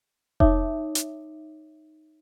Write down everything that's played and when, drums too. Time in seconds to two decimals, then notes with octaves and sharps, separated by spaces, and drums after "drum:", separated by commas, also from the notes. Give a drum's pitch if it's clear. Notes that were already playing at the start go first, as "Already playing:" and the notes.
0.40 D#4 C#5 E5 D6 D#6, drum: kick F1
0.95 drum: hi-hat